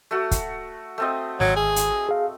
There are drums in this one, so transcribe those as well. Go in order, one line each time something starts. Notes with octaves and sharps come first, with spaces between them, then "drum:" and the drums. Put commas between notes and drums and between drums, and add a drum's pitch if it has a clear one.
A3 F#4
drum: kick, hi-hat
A3 C4 D#5
G#1 F#3, drum: snare
G#4
drum: hi-hat
G#4 F5